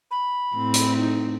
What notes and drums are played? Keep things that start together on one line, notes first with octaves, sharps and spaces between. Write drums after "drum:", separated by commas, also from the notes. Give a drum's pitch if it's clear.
B5
A2 C4
drum: hi-hat
D#4